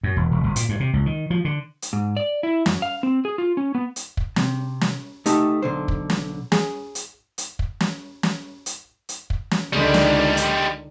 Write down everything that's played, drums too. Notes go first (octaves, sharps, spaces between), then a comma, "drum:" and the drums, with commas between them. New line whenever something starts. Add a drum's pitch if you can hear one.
F#2
E1
E1
G1
A#2, drum: hi-hat
G2
C3
C#2
D#3
F3
D3
drum: hi-hat
G#2
D5
E4
F#2, drum: snare
F5
C4
G#4
F4
C#4
B3
drum: hi-hat
drum: kick
C3, drum: snare
drum: snare
A3 D#4 G4 A4, drum: hi-hat
B1 D3 C5
drum: kick
drum: snare
G#4, drum: snare
drum: hi-hat
drum: hi-hat
drum: kick
drum: snare
drum: snare
drum: hi-hat
drum: hi-hat
drum: kick
drum: snare
C#2 D3 D#3 G3 G#3
drum: snare
drum: hi-hat